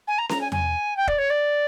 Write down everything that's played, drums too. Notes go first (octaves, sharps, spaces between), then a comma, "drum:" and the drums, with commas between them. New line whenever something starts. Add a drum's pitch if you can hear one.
G#5
A#5
A#5, drum: snare C#4
G#5
G#5, drum: tom E2
G5
D5, drum: kick E1
C#5
D5